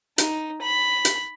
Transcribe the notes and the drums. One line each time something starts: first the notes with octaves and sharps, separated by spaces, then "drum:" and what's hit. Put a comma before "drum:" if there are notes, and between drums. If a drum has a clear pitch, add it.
D#4, drum: hi-hat
B5
drum: hi-hat